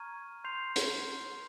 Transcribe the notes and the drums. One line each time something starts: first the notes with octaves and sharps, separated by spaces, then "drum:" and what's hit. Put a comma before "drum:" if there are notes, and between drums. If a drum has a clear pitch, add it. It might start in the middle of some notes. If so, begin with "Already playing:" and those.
Already playing: A#5 C#6 F6 G#6 D#7
C6 G6 C7 F7
drum: hi-hat